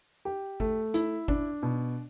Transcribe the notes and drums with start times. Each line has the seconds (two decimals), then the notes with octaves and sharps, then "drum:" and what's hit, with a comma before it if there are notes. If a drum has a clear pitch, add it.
0.25 G4
0.60 A3, drum: kick G1
0.94 E4, drum: hi-hat
1.28 D4, drum: kick G1
1.63 B2